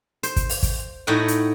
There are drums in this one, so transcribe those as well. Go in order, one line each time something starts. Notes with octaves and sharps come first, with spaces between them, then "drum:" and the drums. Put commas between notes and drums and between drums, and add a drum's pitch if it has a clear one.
C5, drum: hi-hat
drum: kick, hi-hat
drum: open hi-hat
drum: kick, hi-hat
A2 D#4 F#4 F#5 G5
drum: hi-hat